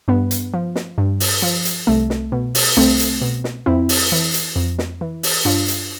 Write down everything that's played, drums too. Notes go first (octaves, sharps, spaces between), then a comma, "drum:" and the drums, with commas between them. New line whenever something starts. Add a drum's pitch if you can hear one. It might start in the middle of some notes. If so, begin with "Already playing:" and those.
G2 B3
drum: hi-hat
F3
drum: snare
G2
drum: open hi-hat
F3
drum: hi-hat
C2 A3
drum: snare
B2
drum: open hi-hat
C2 A3 C4
drum: hi-hat
B2
drum: snare
F2 C4 E4
drum: open hi-hat
E3
drum: hi-hat
F2
drum: snare
E3
drum: open hi-hat
G2 D4 F4
drum: hi-hat